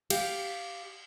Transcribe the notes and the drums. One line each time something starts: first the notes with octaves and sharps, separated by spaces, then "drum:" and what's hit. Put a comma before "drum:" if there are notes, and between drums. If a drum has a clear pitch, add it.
G4 F5, drum: cymbal